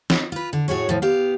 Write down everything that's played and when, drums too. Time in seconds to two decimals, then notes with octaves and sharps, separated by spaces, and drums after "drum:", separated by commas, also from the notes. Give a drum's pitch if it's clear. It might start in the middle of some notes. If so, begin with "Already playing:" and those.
0.10 D#4, drum: snare
0.32 F4 B4
0.53 D3
0.68 A2 F#4 G#4 C#5
0.89 A2 F3
1.02 B3 G4 F5